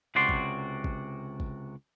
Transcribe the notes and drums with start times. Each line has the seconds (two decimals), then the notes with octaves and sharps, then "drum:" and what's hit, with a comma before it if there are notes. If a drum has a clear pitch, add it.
0.15 C#2 C3 F#4 D5 C6
0.29 drum: kick G#1
0.84 drum: kick G#1
1.40 drum: kick G#1